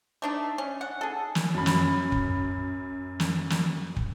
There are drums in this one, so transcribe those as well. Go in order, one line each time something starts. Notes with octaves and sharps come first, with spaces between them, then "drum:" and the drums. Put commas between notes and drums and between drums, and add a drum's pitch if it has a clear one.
A3 D4 D#4
C#4
F#5
G#4 A4
drum: snare
F#2 B5
drum: snare
drum: kick
drum: snare
drum: snare
drum: kick